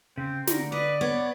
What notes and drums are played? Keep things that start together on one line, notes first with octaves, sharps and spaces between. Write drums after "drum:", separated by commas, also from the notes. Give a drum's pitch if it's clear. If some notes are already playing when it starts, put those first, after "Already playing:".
C#3 C4
D3 A#4, drum: snare
B4 D5 D#5
B3 C#5